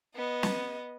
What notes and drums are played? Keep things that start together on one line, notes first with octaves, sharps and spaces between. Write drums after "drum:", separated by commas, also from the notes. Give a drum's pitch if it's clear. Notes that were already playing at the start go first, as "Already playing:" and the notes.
B3 D#5
drum: snare